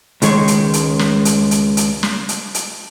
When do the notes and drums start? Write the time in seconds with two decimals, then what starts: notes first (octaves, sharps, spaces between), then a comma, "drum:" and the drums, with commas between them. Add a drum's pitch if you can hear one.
0.22 C#2 D#3 G#3 C#5, drum: hi-hat
0.48 drum: hi-hat
0.74 drum: hi-hat
0.99 drum: snare
1.25 drum: hi-hat
1.51 drum: hi-hat
1.77 drum: hi-hat
2.03 drum: snare
2.29 drum: hi-hat
2.54 drum: hi-hat